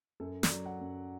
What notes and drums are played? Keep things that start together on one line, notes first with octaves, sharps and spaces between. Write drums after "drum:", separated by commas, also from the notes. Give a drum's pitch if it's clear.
F#2 A4
D5, drum: snare
F#3
F#5
F#2